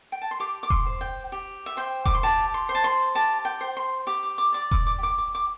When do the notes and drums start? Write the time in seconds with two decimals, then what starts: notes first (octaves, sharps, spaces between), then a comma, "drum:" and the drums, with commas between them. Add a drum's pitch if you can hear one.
0.12 G5
0.22 A5
0.31 C6
0.40 G4 D6
0.63 D6
0.70 C6, drum: kick E1
0.86 C5
1.01 G5
1.32 G4
1.66 E5
1.77 C5 G5
2.05 D6, drum: kick E1
2.15 C6
2.23 G4 A5
2.54 C6
2.69 C5
2.75 A5
2.84 C6
3.15 G4 A5
3.45 G5
3.61 C5
3.77 C6
4.07 G4 D6
4.23 D6
4.38 D6
4.53 D5 D6
4.71 D6, drum: kick E1
4.86 D6
4.98 G4 D6
5.18 D6
5.35 D6